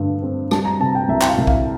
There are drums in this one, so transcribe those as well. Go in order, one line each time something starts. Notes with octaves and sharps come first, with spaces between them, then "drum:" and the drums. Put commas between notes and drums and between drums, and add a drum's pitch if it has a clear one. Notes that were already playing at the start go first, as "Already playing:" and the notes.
Already playing: G2 D3 A3
C4
G3 A5, drum: rim click
A#5
C3 A5
G5
C2 E5
G5, drum: clap
F5
C2
F5, drum: kick B1